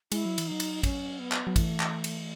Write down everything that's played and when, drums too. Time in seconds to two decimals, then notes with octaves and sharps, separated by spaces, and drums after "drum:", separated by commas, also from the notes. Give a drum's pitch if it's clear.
0.12 G#3 E4, drum: cymbal
0.26 F#3
0.38 E3, drum: cymbal
0.48 F#3 D#4
0.60 drum: cymbal
0.83 C#4, drum: kick, cymbal
1.20 B3
1.32 drum: clap
1.47 F#3
1.56 E3 A3, drum: kick, cymbal
1.80 drum: clap
2.04 drum: cymbal